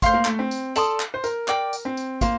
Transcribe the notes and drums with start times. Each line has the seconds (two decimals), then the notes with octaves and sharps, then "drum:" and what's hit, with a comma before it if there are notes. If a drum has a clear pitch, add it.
0.02 A3 C5 F5 C6, drum: kick, tambourine
0.14 A#3
0.25 A3, drum: clap
0.39 C4
0.51 drum: tambourine
0.76 A4 D5 A5 C6 D#6, drum: tambourine
1.00 drum: clap
1.14 C5
1.24 A#4, drum: tambourine
1.48 A#4 D5 G5 D6, drum: clap
1.73 drum: tambourine
1.85 C4
1.97 drum: tambourine
2.21 A#3 F4 C5, drum: kick, tambourine